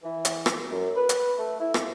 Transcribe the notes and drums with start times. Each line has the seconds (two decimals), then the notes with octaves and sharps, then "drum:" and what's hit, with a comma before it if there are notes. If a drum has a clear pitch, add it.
0.04 E3
0.25 drum: hi-hat
0.46 drum: rim click
0.71 F#2
0.95 B4
1.09 drum: hi-hat
1.38 A3
1.60 E4
1.74 F2, drum: rim click